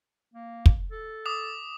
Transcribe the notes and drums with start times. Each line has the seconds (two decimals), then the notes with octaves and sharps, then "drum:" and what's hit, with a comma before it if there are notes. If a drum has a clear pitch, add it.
0.34 A#3
0.66 drum: kick
0.92 A4
1.26 D6 D#6